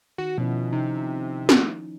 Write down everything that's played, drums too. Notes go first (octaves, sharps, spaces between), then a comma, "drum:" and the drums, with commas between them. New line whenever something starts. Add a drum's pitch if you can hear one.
D#3 F#4
B2 F3 C#4 E4
C3 D#4
drum: snare